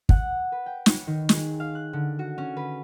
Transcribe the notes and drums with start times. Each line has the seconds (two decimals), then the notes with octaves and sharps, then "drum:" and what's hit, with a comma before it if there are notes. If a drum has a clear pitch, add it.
0.09 F#5, drum: kick
0.52 B4
0.66 G5
0.86 C#5, drum: snare
1.07 D#3
1.29 G#4, drum: snare
1.60 F5
1.75 F#6
1.93 D3
2.19 F#4
2.38 C#4
2.57 B4